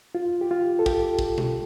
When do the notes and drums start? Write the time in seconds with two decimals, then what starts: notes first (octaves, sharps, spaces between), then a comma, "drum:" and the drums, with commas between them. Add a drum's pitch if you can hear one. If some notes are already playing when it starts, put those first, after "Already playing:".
0.15 F4
0.41 G4
0.51 F4
0.79 A4
0.86 G4, drum: kick
1.19 drum: kick
1.38 drum: tom B2